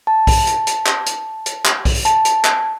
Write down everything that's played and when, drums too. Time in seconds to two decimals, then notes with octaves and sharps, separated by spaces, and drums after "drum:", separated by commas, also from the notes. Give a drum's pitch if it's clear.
0.07 A5
0.27 drum: kick B1, open hi-hat
0.47 drum: hi-hat
0.67 drum: hi-hat
0.87 drum: clap
1.06 drum: hi-hat
1.46 drum: hi-hat
1.66 drum: clap
1.85 drum: kick B1, open hi-hat
2.05 A5, drum: hi-hat
2.25 drum: hi-hat
2.45 drum: clap